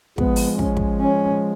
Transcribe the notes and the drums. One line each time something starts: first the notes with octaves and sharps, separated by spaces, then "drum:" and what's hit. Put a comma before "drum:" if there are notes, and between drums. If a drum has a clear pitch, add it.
F3 G#3 B3, drum: kick
drum: open hi-hat
C#4, drum: kick
drum: kick
C#4